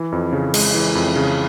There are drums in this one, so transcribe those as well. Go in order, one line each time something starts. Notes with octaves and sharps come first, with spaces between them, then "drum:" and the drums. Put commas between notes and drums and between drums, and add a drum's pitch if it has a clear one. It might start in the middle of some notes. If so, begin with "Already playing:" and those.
Already playing: E3
F2
C#3
G#3, drum: cymbal
E3
F2
C#3